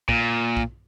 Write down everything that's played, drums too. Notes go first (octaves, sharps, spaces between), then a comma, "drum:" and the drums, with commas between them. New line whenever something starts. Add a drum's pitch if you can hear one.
A#2, drum: kick
drum: kick